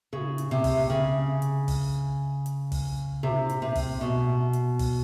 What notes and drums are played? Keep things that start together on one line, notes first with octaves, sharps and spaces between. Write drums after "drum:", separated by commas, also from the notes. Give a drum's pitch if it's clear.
C#3, drum: tom
drum: hi-hat
C3
drum: kick, open hi-hat
C#3
drum: hi-hat
drum: kick, open hi-hat
drum: hi-hat
drum: kick, open hi-hat
C3, drum: tom
drum: hi-hat
C3
drum: kick, open hi-hat
B2
drum: hi-hat
drum: kick, open hi-hat